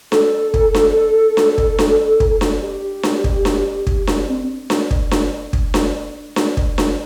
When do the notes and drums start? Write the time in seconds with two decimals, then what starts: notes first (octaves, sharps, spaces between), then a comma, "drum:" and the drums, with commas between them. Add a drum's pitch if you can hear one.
0.12 A4, drum: snare D4
0.54 drum: kick
0.75 drum: snare D4
1.37 drum: snare D4
1.58 drum: kick
1.79 drum: snare D4
2.20 drum: kick
2.41 drum: snare D4
2.62 G4
3.03 drum: snare D4
3.24 drum: kick
3.45 drum: snare D4
3.87 drum: kick
4.07 drum: snare D4
4.29 C4
4.70 drum: snare D4
4.91 drum: kick
5.11 drum: snare D4
5.53 drum: kick
5.74 drum: snare D4
6.36 drum: snare D4
6.57 drum: kick
6.78 drum: snare D4